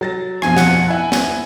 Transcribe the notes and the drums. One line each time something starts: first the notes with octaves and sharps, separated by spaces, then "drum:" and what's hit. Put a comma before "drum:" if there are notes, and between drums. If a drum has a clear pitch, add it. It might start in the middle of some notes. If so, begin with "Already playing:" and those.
F#3 A6 A#6
F2 B2 F3 G#5, drum: rim click
F#5, drum: snare
E4 E5 F#5 G#5
drum: snare